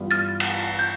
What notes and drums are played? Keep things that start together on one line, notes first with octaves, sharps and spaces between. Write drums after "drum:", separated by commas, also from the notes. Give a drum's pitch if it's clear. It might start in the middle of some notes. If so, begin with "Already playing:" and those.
Already playing: G2 E3 G3 B3 F4
F6 A6
drum: cymbal
G6